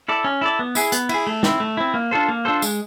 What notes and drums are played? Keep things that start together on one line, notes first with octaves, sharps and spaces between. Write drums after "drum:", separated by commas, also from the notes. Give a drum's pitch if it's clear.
E4 A4 D5
C#4
E4 A4 D5
B3
E4 G#4, drum: tambourine
B3, drum: hi-hat
E4 G#4, drum: cymbal
A3
C4 E4, drum: snare
A3
C4 E4
A#3
D4 F4 A4 C5
A#3
D4 F4 A4 C5
G#3, drum: tambourine